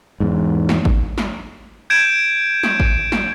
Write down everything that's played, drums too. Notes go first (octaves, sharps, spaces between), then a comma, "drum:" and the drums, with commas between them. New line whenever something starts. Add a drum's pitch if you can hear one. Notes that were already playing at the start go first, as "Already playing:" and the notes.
E2 G#2
drum: snare
drum: kick G#1
drum: snare
G6 G#6 D7 E7
drum: snare
drum: kick G#1
drum: snare